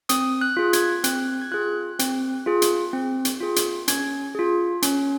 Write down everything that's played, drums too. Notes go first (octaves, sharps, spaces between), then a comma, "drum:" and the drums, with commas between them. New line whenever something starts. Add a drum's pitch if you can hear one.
C4 D#6, drum: hi-hat
F#6
F4 G#4
G#6, drum: hi-hat
C4 F#6, drum: hi-hat
G#6
F4 G#4 F#6
C4, drum: hi-hat
F4 G#4
drum: hi-hat
C4
drum: hi-hat
F4 G#4
drum: hi-hat
C#4 G#6, drum: hi-hat
F4 G#4
C#4, drum: hi-hat